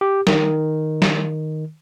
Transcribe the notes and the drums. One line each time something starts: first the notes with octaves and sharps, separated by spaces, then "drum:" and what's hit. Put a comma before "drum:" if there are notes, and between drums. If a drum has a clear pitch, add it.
G4
D#3, drum: snare
drum: snare